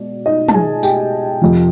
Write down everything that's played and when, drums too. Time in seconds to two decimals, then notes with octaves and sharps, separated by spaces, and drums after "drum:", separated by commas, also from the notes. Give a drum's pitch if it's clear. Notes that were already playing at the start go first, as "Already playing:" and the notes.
Already playing: B2 G#3 D5
0.26 D#4 D#5
0.48 A5, drum: tom
0.54 G#4 G#5
0.83 G4 G5, drum: tambourine
1.42 F2 C3 F3